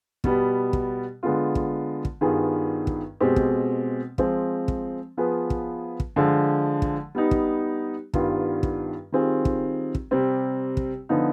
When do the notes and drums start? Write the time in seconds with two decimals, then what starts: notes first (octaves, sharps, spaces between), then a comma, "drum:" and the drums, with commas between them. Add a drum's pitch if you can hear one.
0.24 B2 G3 B3, drum: kick
0.73 drum: kick
1.23 D3 G#3 B3 F4
1.55 drum: kick
2.05 drum: kick
2.21 G2 D#3 B3 F4 G#4
2.87 drum: kick
3.20 B2 G#3 C4 G4
3.36 drum: kick
4.18 F3 G#3 C4, drum: kick
4.68 drum: kick
5.17 F3 B3 F4 G#4 B4
5.50 drum: kick
6.00 drum: kick
6.16 D3 F3 G#3
6.82 drum: kick
7.15 G3 B3 D#4
7.31 drum: kick
8.14 G2 D#3 G3 B3 F4, drum: kick
8.63 drum: kick
9.12 D#3 G3 C4 F4 G#4
9.45 drum: kick
9.95 drum: kick
10.11 C3 G3 C4
10.77 drum: kick
11.09 D3 F3 B3 D#4